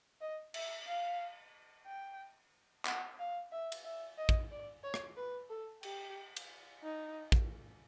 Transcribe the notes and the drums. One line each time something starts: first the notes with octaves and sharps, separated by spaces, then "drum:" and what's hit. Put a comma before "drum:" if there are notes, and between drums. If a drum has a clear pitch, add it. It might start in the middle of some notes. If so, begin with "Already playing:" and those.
D#5
E5, drum: cymbal
F5
G5
F#5, drum: clap
F5
E5
drum: cymbal
E5
D#5
drum: kick
D5
C#5
drum: rim click
B4
A4
G4, drum: cymbal
drum: cymbal
D#4
drum: kick